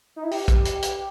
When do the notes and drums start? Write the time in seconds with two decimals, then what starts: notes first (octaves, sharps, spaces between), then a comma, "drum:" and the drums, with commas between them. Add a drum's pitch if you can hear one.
0.16 D#4
0.24 E4
0.31 G4, drum: open hi-hat
0.48 drum: kick A#1, hi-hat
0.65 drum: hi-hat
0.82 drum: hi-hat